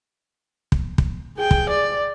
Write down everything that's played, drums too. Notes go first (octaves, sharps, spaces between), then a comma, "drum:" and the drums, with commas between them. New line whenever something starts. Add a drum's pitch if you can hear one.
drum: kick
drum: kick
G#4 G5
drum: kick
D5